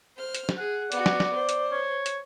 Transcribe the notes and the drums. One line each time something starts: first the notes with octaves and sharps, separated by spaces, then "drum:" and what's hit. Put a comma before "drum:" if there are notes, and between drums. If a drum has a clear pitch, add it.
C5 F6
drum: hi-hat
drum: snare
G#4 F#5
B3 F#4 D5, drum: hi-hat
drum: snare
drum: snare
C5
drum: hi-hat
C#5
drum: hi-hat